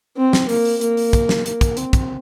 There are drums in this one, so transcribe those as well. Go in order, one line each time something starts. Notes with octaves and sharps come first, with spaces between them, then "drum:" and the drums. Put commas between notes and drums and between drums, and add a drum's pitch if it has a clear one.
C4
drum: snare
A#3, drum: open hi-hat
drum: open hi-hat
A#3, drum: hi-hat
drum: open hi-hat
drum: kick, hi-hat
drum: snare
A#3, drum: hi-hat
drum: kick, hi-hat
C4, drum: hi-hat
drum: kick, hi-hat